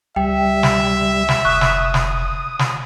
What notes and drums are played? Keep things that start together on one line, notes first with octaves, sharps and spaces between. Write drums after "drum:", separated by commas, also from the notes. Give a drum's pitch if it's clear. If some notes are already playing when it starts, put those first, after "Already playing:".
C#2 G3 E5 G5
drum: snare
drum: snare
F1 C#6 D#6 F#6
drum: snare
drum: snare
drum: snare